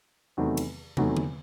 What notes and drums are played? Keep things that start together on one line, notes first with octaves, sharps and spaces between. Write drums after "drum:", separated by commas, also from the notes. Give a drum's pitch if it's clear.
E2 C3 D#3 F#3 A3
drum: cymbal
E2 C3 D#3 F#3 A3, drum: tom
drum: tom D3